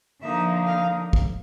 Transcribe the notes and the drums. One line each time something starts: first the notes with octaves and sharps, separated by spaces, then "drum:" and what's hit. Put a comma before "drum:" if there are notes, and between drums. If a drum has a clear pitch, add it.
D3 F3 A#3 D#4 E5
F5
drum: kick